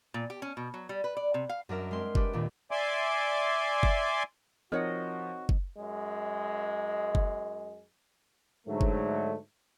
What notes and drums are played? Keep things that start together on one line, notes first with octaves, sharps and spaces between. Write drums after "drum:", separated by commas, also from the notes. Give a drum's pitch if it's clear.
A#2
G4
C#4
B2
F#3
G3
B4
D5
C3
F5
F#2 D4 A#4 E5
G#3 C4 C6
D4 G4 B4, drum: kick F#1
D#2 A#2 D#3
D5 E5 G#5 C6 D6
drum: kick F#1
F3 C4 D#4 F#4 A#4 C#5 D#5 F#5
drum: kick F#1
F#2 G#3
drum: kick F#1
G#2 D3 F#3 A3
drum: kick F#1